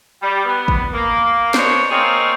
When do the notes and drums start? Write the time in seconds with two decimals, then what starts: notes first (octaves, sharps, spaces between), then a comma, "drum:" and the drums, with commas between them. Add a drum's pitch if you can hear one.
0.23 G3
0.45 B3
0.68 drum: kick
0.93 A#3
1.54 B2 A#3 D4 D#4 C5 C#5, drum: snare
1.91 A#3 C4 D#4 F4 G#4 C#5